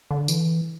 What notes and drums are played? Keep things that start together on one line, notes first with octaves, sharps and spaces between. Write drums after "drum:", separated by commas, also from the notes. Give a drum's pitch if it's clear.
D3
E3, drum: tambourine